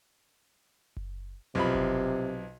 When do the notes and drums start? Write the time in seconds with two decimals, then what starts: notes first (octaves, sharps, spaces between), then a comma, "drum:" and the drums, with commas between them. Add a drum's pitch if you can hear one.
0.97 drum: kick F#1
1.55 B1 C3 F3 B5
1.74 drum: kick F#1